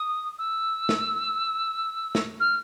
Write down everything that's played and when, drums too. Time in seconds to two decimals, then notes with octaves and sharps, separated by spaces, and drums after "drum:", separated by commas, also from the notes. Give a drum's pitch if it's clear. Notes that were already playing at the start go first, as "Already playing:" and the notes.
Already playing: D#6
0.39 E6
0.89 drum: snare
2.15 drum: snare
2.40 F6